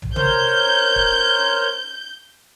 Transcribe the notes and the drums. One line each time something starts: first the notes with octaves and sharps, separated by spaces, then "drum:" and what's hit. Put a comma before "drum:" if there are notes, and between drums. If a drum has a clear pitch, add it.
drum: tom
A#4 C5 C#5 G6, drum: tom
drum: kick